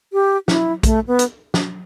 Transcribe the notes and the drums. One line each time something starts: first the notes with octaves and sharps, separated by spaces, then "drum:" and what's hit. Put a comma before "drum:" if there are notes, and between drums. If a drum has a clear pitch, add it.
G4
E4, drum: snare
A3, drum: kick, hi-hat
B3
drum: hi-hat
drum: snare